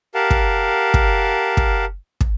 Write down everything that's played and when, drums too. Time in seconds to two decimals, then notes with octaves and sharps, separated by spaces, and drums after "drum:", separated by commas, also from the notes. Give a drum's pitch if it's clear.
0.15 G4 A#4 F5 F#5 A5
0.30 drum: kick
0.94 drum: kick
1.57 drum: kick
2.21 drum: kick